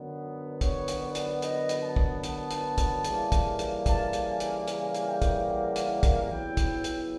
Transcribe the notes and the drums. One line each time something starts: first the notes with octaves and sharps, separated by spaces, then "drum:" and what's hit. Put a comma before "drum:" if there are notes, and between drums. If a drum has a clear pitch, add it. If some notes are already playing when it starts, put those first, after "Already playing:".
Already playing: F#2 D3 F#3 B3
C#5, drum: kick, hi-hat
drum: hi-hat
D5
drum: hi-hat
D#5, drum: hi-hat
drum: hi-hat
A5
drum: kick
A5, drum: hi-hat
drum: hi-hat
drum: kick, hi-hat
C#3 E3 G3 A#3, drum: hi-hat
drum: kick, hi-hat
drum: hi-hat
A5, drum: kick, hi-hat
drum: hi-hat
G#5
drum: hi-hat
G#5, drum: hi-hat
drum: hi-hat
G5
drum: kick, hi-hat
F#5
drum: hi-hat
drum: kick, hi-hat
C#3 F#3 B3 E4 G5
drum: kick, hi-hat
drum: hi-hat